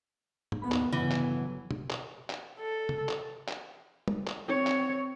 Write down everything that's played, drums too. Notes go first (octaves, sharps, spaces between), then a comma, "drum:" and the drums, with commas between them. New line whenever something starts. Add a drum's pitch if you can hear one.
drum: tom
D#2 A2 B3 B4 B5
drum: clap
G1 C#3 E3 F#3 B3 F#5
drum: clap
drum: tom B2
drum: clap
drum: clap
A4
drum: tom
drum: clap
drum: clap
drum: tom
drum: clap
C4 C#5
drum: clap